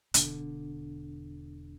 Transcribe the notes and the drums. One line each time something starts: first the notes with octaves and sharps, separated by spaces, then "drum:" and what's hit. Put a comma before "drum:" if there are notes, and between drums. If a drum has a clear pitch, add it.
E1 D3, drum: hi-hat